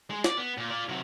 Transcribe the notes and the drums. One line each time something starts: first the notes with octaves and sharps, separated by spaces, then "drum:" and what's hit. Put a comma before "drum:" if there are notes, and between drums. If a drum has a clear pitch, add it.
G#3
D5, drum: snare
B3
A#2
F4 D5
C3 F#3